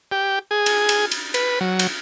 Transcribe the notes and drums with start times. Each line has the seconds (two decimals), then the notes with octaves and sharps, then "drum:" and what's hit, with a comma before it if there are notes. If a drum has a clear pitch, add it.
0.12 G4
0.51 G#4
0.66 drum: cymbal
0.89 drum: cymbal
1.11 drum: cymbal
1.34 B4, drum: cymbal
1.61 F#3
1.79 drum: cymbal